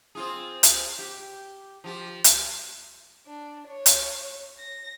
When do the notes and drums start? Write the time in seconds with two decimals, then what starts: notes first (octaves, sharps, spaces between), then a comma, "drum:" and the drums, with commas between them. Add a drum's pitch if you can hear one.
0.15 C4 F4 G#4
0.63 drum: hi-hat
0.99 G4
1.84 F3 G4
2.24 drum: hi-hat
3.27 D4
3.68 C#5
3.86 drum: hi-hat
4.59 A#6